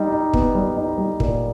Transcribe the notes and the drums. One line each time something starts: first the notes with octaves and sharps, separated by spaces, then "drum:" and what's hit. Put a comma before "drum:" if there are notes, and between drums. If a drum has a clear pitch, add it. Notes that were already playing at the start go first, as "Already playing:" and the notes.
Already playing: G3 D#4
D#4
B3, drum: kick
G3
D#4
G3
A#2, drum: kick